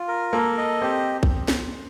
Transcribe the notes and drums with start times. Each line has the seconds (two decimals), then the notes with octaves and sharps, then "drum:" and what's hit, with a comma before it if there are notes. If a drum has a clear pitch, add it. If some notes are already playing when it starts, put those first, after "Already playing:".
Already playing: F4
0.08 A#4
0.33 A#3 A4
0.58 D#5
0.82 C4 G4
1.23 drum: kick A#1
1.48 drum: snare